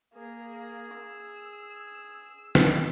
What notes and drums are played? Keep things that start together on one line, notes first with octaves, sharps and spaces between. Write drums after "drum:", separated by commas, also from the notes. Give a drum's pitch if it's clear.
A#3 G#4
E6
drum: snare